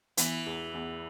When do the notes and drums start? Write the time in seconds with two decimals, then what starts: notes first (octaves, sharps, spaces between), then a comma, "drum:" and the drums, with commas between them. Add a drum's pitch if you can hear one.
0.17 E3 B3, drum: hi-hat
0.46 E2
0.74 E2